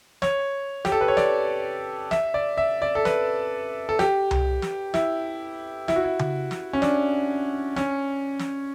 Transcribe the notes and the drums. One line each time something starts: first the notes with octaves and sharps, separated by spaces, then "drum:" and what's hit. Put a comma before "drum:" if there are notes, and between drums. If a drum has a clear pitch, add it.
C#5, drum: snare
G4, drum: snare
A4
B4
C#5
D5, drum: snare
E5, drum: snare
D5
E5
D5
A4
B4, drum: snare
A4
G4, drum: snare
drum: tom C2
drum: snare
E4, drum: snare
E4, drum: snare
F#4
E4
drum: tom C#3
drum: snare
C#4
D4, drum: snare
C#4, drum: snare
drum: snare